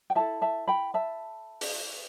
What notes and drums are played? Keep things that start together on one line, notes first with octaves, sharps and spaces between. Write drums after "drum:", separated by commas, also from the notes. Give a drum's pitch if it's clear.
G5
E4 A4 E5 A5
E5 A5
G5 B5
E5 A5
drum: open hi-hat